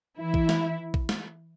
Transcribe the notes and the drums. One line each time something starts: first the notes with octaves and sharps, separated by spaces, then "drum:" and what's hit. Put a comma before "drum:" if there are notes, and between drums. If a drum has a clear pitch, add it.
E3 E4
drum: kick A#1
drum: snare
drum: kick A#1
drum: snare